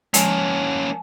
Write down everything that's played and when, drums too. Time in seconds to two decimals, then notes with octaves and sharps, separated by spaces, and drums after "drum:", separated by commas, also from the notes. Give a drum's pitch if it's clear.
0.14 F3 G#3 A#3 C#4 G#5 A5, drum: hi-hat